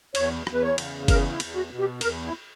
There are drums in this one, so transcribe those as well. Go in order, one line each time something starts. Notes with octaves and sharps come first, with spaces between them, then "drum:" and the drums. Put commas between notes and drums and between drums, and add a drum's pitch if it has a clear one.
E2 C#5, drum: cymbal
E2, drum: rim click
B4
C#5
C#3, drum: cymbal
E2 A#4, drum: kick F#1, cymbal
E4
E2, drum: cymbal
F#4
B2
G4
E2 A#4, drum: cymbal
E4